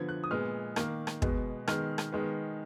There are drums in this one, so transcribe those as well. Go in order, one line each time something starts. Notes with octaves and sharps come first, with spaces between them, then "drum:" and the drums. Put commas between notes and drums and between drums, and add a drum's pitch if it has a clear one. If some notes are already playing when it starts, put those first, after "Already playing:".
Already playing: D3 F3 B3 G#6
F#6
D#6
A#2 G#3 B3 F6
D#3 A#3, drum: rim click
drum: rim click
B2 G#3 B3, drum: kick
D#3 G#3 B3 F6, drum: rim click
drum: rim click
D#3 G#3 B3